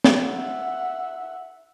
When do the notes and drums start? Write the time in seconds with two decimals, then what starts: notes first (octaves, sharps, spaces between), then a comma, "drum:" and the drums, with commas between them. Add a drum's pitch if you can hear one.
0.04 drum: snare
0.22 E5 F#5